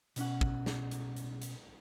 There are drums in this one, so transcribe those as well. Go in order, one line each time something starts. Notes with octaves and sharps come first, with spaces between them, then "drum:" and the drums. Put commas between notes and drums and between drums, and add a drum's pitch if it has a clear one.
B2 C#4 F#5, drum: hi-hat
drum: kick
drum: snare
drum: hi-hat
drum: hi-hat
drum: hi-hat